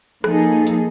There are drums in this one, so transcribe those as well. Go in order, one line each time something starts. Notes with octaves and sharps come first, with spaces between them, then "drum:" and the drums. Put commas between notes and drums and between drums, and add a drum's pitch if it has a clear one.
F3 A#3 D#4 G#4 A4, drum: rim click
drum: hi-hat